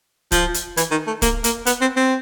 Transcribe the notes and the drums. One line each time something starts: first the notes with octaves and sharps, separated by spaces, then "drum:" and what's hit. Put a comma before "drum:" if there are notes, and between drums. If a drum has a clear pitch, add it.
F3, drum: kick, hi-hat
drum: hi-hat
E3, drum: hi-hat
D#3
A3
A#3, drum: kick, hi-hat
A#3, drum: hi-hat
B3, drum: hi-hat
C4
C4